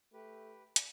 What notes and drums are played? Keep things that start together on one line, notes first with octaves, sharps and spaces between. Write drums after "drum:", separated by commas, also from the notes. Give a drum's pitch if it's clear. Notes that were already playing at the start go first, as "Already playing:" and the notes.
A3 G4 B4
D5, drum: hi-hat